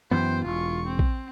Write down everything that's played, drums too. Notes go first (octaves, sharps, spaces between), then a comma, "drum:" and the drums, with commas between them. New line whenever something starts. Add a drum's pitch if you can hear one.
F#2 E3 B3 C5 G5
E1 F4 C#6
C4
drum: kick